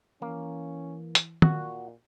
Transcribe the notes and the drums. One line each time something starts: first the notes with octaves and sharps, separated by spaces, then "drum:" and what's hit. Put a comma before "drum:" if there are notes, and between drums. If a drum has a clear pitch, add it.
E3 A#3 C#4
drum: hi-hat
A#2 F#4, drum: tom